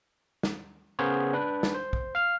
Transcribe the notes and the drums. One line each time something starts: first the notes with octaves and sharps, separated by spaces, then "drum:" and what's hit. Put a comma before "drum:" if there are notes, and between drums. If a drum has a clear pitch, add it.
drum: snare
C#3 B3 G#4 A#4 C5 C#5
D4 B4
drum: snare
C5
drum: kick
F5 F6